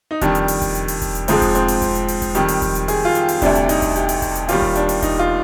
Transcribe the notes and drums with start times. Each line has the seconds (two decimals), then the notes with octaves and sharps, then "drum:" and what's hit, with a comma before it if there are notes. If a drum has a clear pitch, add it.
0.11 D#4
0.21 F2 D#3 G3 D4, drum: kick E1, hi-hat
0.35 drum: hi-hat
0.48 drum: open hi-hat
0.62 drum: kick E1, hi-hat
0.75 drum: hi-hat
0.88 drum: open hi-hat
1.02 drum: kick E1, hi-hat
1.15 drum: hi-hat
1.28 G#2 F3 G#3 C4, drum: open hi-hat
1.42 drum: kick E1, hi-hat
1.55 C4, drum: hi-hat
1.68 drum: open hi-hat
1.82 drum: kick E1, hi-hat
1.95 drum: hi-hat
2.08 drum: open hi-hat
2.22 drum: kick E1, hi-hat
2.35 F2 D#3 G3, drum: hi-hat
2.48 drum: open hi-hat
2.62 drum: kick E1, hi-hat
2.75 drum: hi-hat
2.88 G#4, drum: open hi-hat
3.05 F4
3.15 G4, drum: hi-hat
3.29 drum: open hi-hat
3.42 D2 C3 G3 D4, drum: kick E1, hi-hat
3.55 drum: hi-hat
3.69 D#4, drum: open hi-hat
3.82 drum: kick E1, hi-hat
3.96 G4, drum: hi-hat
4.09 drum: open hi-hat
4.22 drum: kick E1, hi-hat
4.35 drum: hi-hat
4.49 D#2 D#3 G3 F4, drum: open hi-hat
4.62 drum: kick E1
4.75 D4, drum: hi-hat
4.89 drum: open hi-hat
5.02 D#4, drum: kick E1, hi-hat
5.19 F4